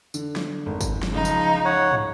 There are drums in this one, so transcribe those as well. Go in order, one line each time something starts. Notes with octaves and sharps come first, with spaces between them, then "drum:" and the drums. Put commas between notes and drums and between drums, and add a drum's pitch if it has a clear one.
D3, drum: tambourine
drum: snare
G#1
drum: kick, tambourine
drum: snare
C#2 F3 D#4
drum: tambourine
C#5 F#5
drum: tom